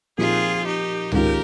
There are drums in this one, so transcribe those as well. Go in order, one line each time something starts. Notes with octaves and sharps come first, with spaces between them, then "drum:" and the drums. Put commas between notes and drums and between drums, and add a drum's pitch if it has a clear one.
A#2 F3 C4 D#4 F4 G4 G#4
D#4 G4
G#2 D#3 G#3 C#4 F4 G4 A#4, drum: tom C#2